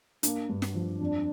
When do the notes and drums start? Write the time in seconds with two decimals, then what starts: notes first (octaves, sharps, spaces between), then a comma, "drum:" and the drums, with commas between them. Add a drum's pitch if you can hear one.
0.23 A#3 D4, drum: hi-hat
0.49 G2
0.62 drum: snare
0.75 F3
1.00 F2 D4